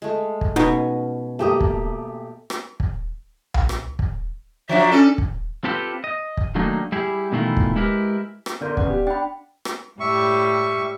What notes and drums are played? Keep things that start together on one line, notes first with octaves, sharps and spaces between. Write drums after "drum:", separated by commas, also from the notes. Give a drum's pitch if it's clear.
G#3 A3
drum: kick
B2 C#4 D#4 C#6
G#1 A3 A#3 G4 A#5 D#6
drum: kick
drum: rim click
drum: kick
drum: tom C2
drum: rim click
drum: kick
F3 F#3 D4 E5
C#4 A4
drum: kick
C4 F4 G4 A4 B4 C5
D#5
drum: kick
D#3 F#3 A3 A#3 D4 D#4
G3 E4 G4 G#4
B2 D#3 E3 A3 E4 F4
drum: kick
G#3 E4 G4 A#4 B4
drum: rim click
D3 B3 A#4 D5 C6 G6
E2 C#3 B3 F#5, drum: kick
G4
D4 D5 G5 B5
drum: rim click
A2 G3 E5 C#6